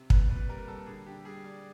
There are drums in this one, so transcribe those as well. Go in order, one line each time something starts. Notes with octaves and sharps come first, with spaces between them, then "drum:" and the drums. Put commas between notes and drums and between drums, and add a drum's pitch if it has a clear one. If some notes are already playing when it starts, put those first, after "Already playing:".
Already playing: C3
A#2 B4, drum: kick
A#2 B4
G3 A#4
G3 A4
D3 G#4
D3 G4
G3 G#4
G3 D5